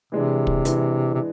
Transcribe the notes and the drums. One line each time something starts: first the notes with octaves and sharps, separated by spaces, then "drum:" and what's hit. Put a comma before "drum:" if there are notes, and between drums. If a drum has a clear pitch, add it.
C3 E3 G#3 D4
drum: kick
E3 G#3 D4, drum: hi-hat
C3